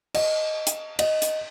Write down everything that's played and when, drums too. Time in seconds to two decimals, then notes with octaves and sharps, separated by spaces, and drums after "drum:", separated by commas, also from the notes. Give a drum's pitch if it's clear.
0.14 D#5, drum: cymbal
0.67 drum: hi-hat
0.99 D#5, drum: cymbal
1.22 drum: hi-hat